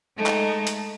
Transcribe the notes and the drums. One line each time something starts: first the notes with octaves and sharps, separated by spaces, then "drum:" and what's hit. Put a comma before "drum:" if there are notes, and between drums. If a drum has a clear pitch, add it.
G#3 A3 D#4
drum: clap
drum: hi-hat